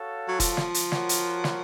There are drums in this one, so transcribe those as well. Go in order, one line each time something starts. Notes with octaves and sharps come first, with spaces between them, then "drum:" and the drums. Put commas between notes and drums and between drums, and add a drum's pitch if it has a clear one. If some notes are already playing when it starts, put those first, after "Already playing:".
Already playing: F#4 A4 C#5 F5
F#3
F3, drum: kick, hi-hat
drum: snare
drum: hi-hat
F#4 A#4 C#5 F#5, drum: snare
drum: hi-hat
drum: snare